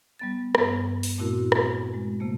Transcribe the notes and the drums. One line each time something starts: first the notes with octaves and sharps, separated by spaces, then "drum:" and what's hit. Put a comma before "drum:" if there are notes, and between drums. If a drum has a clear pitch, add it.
G3 B3 A6
G2 B3, drum: rim click
drum: open hi-hat
A#2 A3 C4 E4 F#4 A#4
drum: rim click
G#3
C3 A3 A#3